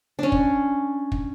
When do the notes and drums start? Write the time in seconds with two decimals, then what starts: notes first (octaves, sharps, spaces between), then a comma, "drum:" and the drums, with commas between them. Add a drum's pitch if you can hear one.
0.19 C#4 D4
0.32 drum: kick
1.12 drum: kick